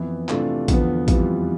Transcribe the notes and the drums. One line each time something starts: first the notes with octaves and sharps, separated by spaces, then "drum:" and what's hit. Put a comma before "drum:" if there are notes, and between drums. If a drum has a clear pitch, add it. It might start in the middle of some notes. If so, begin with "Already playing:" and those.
Already playing: F2 E3 B3 E4
C3 E3 A3 D4 F4, drum: clap
E2 D3 F3 B3, drum: kick, hi-hat
F2 E3 G3 B3 F4, drum: kick, hi-hat